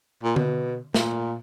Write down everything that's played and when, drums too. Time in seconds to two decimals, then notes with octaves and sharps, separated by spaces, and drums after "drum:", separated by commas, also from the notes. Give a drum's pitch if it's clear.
0.24 A#2
0.36 B2, drum: tom D3
0.94 A#2, drum: snare